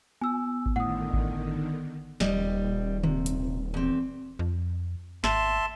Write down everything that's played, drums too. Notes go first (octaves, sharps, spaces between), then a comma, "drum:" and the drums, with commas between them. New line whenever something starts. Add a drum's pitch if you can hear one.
B3 G#5 E6
drum: kick G#1
A2 D3 D#3 F#5 D#6
drum: kick G#1
D#1 G3 D#5, drum: snare
C3, drum: tom D3
drum: hi-hat
E2 C4
F2
G#1 E5 A5 C6, drum: snare